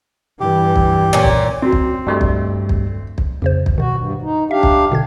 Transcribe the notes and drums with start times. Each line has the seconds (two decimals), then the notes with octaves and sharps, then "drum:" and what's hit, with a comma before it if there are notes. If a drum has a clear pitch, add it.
0.40 G2 E3 G4
0.76 drum: kick
1.13 A#2 C#4
1.24 drum: kick
1.62 C4 F#4 D5
1.72 drum: kick
2.07 G2 G3 A3 D5 D#5 C6
2.21 drum: kick
2.69 drum: kick
3.18 drum: kick
3.42 F2 C#3 C5
3.66 drum: kick
3.78 B2 D#3 F#4
3.96 G2
4.22 D#4
4.51 D4 G4 E5 F5
4.63 drum: kick
4.92 B2 D3 G#6